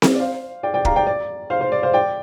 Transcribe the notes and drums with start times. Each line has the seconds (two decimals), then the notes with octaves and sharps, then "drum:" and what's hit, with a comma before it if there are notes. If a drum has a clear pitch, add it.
0.02 drum: snare C4
0.15 D5
0.20 C5 F5
0.63 D5 G5
0.74 D5 G5
0.85 F5 A#5, drum: kick
0.96 D5 G5
1.07 D5
1.50 C5 F5
1.61 C5
1.72 D5
1.83 C5 F5
1.93 D5 G5